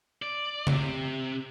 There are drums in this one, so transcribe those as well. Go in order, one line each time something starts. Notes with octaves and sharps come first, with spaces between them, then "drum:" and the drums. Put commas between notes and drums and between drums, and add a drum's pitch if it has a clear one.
D5
C3, drum: tom C#3